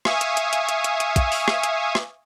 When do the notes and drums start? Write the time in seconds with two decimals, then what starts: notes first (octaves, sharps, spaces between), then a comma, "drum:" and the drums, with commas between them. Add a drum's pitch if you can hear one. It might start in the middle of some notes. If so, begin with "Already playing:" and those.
0.05 E5 F5 G#5 C#6 D#6, drum: rim click
0.21 drum: hi-hat
0.37 drum: hi-hat
0.53 drum: hi-hat
0.69 drum: hi-hat
0.84 drum: hi-hat
1.00 drum: hi-hat
1.16 drum: kick, hi-hat
1.32 drum: open hi-hat
1.48 drum: rim click
1.63 drum: hi-hat
1.95 drum: rim click